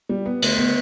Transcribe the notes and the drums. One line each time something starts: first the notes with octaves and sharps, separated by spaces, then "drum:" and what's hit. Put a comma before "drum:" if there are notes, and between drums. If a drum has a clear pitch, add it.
G3
B3
D2, drum: cymbal
B3